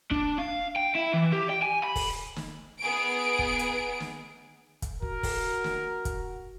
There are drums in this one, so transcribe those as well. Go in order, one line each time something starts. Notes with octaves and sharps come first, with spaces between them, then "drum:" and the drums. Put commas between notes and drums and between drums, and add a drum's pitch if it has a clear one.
D4, drum: kick
F5
G5
E4
E3
G4
G5
G#5
B5
drum: kick, open hi-hat
drum: snare
B3 D#4 G#4 D7
drum: kick
drum: hi-hat
drum: snare
drum: kick, hi-hat
F#4 A#4, drum: kick
drum: kick, open hi-hat
drum: snare
drum: kick, hi-hat